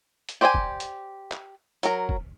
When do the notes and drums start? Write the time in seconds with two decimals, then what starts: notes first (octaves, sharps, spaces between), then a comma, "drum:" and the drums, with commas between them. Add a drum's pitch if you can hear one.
0.29 drum: hi-hat
0.41 G4 C5 D5 G5 G#5
0.54 drum: kick
0.80 drum: hi-hat
1.32 drum: clap
1.83 F#3 A#4, drum: hi-hat
2.09 drum: kick